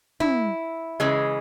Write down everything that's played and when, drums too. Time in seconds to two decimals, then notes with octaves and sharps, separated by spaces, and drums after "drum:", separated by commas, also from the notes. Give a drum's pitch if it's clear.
0.20 E4, drum: tom
1.00 C#3 E3 G#3